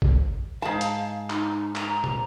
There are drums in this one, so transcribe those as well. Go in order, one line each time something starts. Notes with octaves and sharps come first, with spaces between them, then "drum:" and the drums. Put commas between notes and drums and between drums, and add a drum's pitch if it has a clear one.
drum: kick G#1
G#2 F5 A5
drum: hi-hat
D#4, drum: clap
A#5, drum: clap
drum: tom